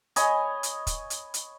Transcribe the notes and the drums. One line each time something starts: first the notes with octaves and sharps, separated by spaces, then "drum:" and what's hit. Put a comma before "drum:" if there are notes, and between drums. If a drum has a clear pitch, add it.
C#5 D#5 G#5 B5, drum: hi-hat
drum: hi-hat
drum: kick, hi-hat
drum: hi-hat
drum: hi-hat